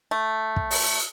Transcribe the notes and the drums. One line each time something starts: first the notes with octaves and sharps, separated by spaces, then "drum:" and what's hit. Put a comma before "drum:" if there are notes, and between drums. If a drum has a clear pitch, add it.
A3
drum: kick
drum: open hi-hat